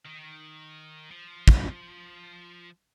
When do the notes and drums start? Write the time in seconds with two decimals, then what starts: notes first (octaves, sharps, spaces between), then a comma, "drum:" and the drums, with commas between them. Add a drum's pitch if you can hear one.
0.05 D#3
1.11 F3
1.48 drum: kick